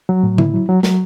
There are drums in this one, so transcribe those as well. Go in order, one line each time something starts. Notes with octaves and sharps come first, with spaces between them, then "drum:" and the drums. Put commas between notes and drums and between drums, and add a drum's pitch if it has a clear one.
F#3
A2
E4, drum: tom D3
F#3
F#3
F#3, drum: snare